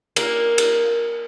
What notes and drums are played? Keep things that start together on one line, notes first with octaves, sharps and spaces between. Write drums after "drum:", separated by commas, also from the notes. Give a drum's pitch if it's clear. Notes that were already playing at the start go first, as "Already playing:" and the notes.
A#3, drum: cymbal
drum: cymbal